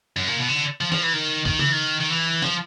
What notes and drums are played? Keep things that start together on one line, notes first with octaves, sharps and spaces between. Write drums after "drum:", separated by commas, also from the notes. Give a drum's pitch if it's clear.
F#2
A#2
B2
D3
F3
F3, drum: snare
E3
D#3
D#3, drum: kick C#2
E3, drum: tom
D#3
D#3
E3
F3, drum: snare